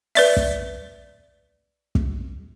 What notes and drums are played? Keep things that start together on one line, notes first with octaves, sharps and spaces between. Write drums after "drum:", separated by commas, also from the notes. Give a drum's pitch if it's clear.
B4 D5 E5, drum: open hi-hat
drum: kick
drum: kick